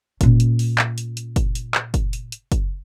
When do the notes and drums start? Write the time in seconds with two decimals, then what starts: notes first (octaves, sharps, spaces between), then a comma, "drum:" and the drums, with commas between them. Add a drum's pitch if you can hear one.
0.21 A#2 C#4, drum: kick F#1, hi-hat
0.40 drum: hi-hat
0.59 drum: open hi-hat
0.78 drum: clap
0.98 drum: hi-hat
1.17 drum: hi-hat
1.36 drum: kick F#1, hi-hat
1.55 drum: hi-hat
1.75 drum: clap
1.94 drum: kick F#1, hi-hat
2.13 drum: hi-hat
2.32 drum: hi-hat
2.52 drum: kick F#1, hi-hat